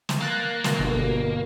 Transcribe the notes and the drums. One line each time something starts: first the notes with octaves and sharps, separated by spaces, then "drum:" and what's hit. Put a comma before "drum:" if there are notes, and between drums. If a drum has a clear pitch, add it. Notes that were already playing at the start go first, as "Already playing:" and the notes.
drum: snare
A#3 F#6 A6
B2, drum: snare
G1